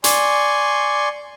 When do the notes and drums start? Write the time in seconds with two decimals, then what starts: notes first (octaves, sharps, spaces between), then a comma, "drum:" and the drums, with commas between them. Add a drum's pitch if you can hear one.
0.04 D5 G#5 C6 C#6, drum: hi-hat